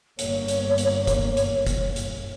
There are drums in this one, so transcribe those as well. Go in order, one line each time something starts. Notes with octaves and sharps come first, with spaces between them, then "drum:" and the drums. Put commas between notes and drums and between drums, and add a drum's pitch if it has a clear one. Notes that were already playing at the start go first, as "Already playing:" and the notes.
G1 A#3 C#5, drum: hi-hat
drum: hi-hat
drum: hi-hat
drum: kick, hi-hat
drum: hi-hat
drum: kick, hi-hat
drum: hi-hat